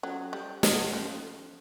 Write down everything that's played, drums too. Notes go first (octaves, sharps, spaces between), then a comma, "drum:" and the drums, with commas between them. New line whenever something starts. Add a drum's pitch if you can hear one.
F#3 C#4 F4 A4 C5
G3
F#3, drum: snare
F3 C#4 F4 A4 C5